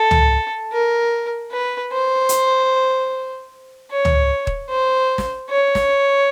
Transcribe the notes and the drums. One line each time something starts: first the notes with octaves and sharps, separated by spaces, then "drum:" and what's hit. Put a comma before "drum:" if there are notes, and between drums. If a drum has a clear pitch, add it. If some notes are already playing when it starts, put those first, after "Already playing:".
Already playing: A4
drum: tom C#2
A#4
B4
C5
drum: hi-hat
C#5
drum: tom C#2
drum: kick D#1
C5
drum: snare
C#5
drum: snare